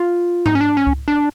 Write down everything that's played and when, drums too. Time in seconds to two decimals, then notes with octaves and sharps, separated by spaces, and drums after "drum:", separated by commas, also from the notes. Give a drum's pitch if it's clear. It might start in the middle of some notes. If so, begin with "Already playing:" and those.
Already playing: F4
0.46 D#4, drum: tom G#2
0.55 C#4
0.61 D4
0.77 C#4
0.87 drum: kick C#2
1.08 D4